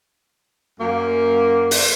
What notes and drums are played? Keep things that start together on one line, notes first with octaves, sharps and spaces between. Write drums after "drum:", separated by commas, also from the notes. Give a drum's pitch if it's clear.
F#2 A#3
drum: open hi-hat